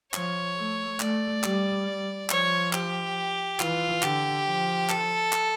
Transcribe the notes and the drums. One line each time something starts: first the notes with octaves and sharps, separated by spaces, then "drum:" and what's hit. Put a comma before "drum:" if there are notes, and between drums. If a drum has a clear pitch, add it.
F3 C#5, drum: clap
A3
A3 D5, drum: clap
G3, drum: clap
F3 C#5, drum: clap
G4, drum: clap
E3 F4, drum: clap
D3 G4, drum: clap
F3
A4, drum: clap
drum: clap